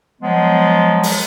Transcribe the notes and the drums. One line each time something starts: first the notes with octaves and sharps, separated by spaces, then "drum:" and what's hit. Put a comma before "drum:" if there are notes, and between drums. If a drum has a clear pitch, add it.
F3 F#3 G#3 B3
drum: open hi-hat